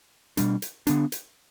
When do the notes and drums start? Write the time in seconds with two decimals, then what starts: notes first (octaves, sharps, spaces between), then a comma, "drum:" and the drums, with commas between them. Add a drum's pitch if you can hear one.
0.37 B2 G3 D4, drum: hi-hat
0.62 drum: hi-hat
0.87 D3 B3 D4, drum: hi-hat
1.12 drum: hi-hat